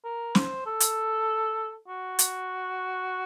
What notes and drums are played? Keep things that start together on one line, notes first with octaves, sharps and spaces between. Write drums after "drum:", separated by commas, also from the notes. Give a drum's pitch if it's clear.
A#4
C5, drum: snare
A4
drum: hi-hat
F#4
drum: hi-hat